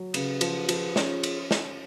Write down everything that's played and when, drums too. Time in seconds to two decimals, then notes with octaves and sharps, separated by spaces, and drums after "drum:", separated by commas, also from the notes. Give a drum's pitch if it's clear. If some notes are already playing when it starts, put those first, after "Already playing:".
Already playing: F#3
0.14 C#3 G#4 B4, drum: cymbal
0.41 F3, drum: cymbal
0.69 F3, drum: cymbal
0.96 C#4 F4 G#4, drum: snare
1.23 drum: cymbal
1.51 drum: snare